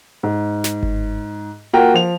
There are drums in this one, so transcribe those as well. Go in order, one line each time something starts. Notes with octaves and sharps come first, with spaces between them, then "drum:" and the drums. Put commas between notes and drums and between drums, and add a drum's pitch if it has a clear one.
G#2
drum: snare
drum: kick G1
A#3 F4 F#4 A#4 G5
F3 F7